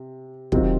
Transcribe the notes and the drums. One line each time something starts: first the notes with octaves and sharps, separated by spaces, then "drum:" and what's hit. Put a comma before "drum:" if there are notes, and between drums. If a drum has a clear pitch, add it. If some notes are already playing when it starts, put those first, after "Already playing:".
Already playing: C3
C3 D#3 F#3 C4 F4, drum: kick